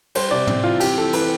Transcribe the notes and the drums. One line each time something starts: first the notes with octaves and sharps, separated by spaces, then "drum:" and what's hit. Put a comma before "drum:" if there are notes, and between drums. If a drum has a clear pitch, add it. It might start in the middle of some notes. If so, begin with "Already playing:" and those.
G3 C5, drum: cymbal
C3 D5
C4, drum: tom
E3 F4
C4 G4, drum: cymbal
E3 A4
E3 B4, drum: cymbal